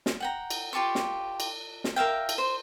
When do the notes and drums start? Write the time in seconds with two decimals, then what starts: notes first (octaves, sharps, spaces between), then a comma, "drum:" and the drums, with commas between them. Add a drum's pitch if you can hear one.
0.06 drum: snare
0.20 F#5 G5 A#5
0.50 drum: cymbal
0.73 F4 G4 A5 C#6
0.95 drum: snare
1.40 drum: cymbal
1.84 drum: snare
1.96 A#4 E5 F5 G5
2.29 drum: cymbal
2.38 C5